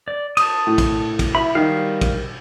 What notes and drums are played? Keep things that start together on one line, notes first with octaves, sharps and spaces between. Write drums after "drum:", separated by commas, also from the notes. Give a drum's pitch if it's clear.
D5
A5 D#6, drum: cymbal
A2
drum: kick, cymbal
drum: kick, cymbal
E4 B5
D#3 G3 F5
drum: kick, cymbal